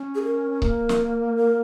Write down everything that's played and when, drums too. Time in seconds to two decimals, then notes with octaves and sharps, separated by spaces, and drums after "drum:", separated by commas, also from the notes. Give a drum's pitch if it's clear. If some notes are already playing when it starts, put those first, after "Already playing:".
Already playing: C#4
0.15 G#4
0.24 A#4
0.50 C#4
0.62 A#3, drum: kick C#1
0.89 drum: snare
1.36 A#4